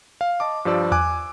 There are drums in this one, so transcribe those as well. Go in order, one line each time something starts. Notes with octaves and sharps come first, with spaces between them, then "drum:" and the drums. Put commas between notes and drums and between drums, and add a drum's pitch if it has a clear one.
F5
D#5 A5 D6
G2 F3 G3 D5 E6
G#5 D6 F#6, drum: tom E2